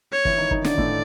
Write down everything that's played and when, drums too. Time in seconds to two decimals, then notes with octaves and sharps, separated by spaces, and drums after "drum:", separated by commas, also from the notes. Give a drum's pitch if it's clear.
0.12 C#5
0.25 E3 E4, drum: kick
0.38 D#3 D#4
0.51 D#3 D#4, drum: kick
0.64 D3 D4 D5, drum: snare
0.78 A2 A3, drum: kick